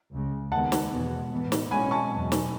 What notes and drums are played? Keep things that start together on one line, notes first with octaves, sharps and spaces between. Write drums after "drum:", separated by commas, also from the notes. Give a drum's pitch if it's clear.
C#2 C#3 G#3
D#2 D#3 G#3 B3 F#5 A5
drum: snare
E2 B2 G#3 B3
A2 E3 B3
drum: snare
B2 G#3 C#4 G#5 B5
A5 C#6
E2 B2 F#3
drum: snare